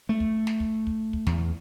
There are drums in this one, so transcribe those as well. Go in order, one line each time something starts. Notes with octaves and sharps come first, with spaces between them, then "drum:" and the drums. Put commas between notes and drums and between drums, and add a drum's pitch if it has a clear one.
A3
drum: kick
drum: snare
drum: kick
drum: kick
drum: kick
E2, drum: snare